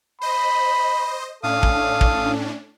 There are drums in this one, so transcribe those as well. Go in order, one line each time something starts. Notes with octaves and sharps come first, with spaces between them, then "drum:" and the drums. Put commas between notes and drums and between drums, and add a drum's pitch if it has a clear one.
C5 D#5 B5
A2 C#4 D4 A4 F5 D#6
drum: kick
drum: kick